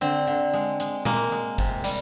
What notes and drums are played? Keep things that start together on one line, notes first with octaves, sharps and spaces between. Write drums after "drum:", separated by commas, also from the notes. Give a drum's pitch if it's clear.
D3 C4
D3
G#3
G#3, drum: hi-hat
G#3 A#3, drum: tom A#2
G#3
C3, drum: kick
G3, drum: cymbal